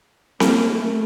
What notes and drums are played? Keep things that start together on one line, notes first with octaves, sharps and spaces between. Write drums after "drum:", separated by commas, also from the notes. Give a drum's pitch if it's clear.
A#3, drum: snare C4
A3